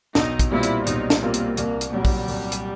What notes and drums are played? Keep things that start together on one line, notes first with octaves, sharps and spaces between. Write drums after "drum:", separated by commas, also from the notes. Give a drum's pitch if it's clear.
B1 D#4, drum: snare
drum: kick, hi-hat
A#2 G3 C4 E4 F4
drum: hi-hat
B1 D#4, drum: hi-hat
drum: snare
A#2 G3 A#3 C4 F4
drum: hi-hat
C2 A#3, drum: hi-hat
drum: hi-hat
A#2 F#3 G3
drum: kick, open hi-hat
C2, drum: open hi-hat
drum: hi-hat